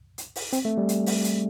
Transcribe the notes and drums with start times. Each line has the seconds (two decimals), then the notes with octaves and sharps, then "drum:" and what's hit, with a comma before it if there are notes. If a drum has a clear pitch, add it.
0.18 drum: hi-hat
0.36 drum: open hi-hat
0.53 C4, drum: hi-hat
0.65 A3
0.77 G3
0.89 drum: hi-hat
1.06 drum: open hi-hat
1.24 drum: hi-hat